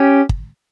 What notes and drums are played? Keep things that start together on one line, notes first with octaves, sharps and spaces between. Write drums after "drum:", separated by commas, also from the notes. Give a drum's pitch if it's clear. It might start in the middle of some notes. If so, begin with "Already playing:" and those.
Already playing: C#4 G4
drum: kick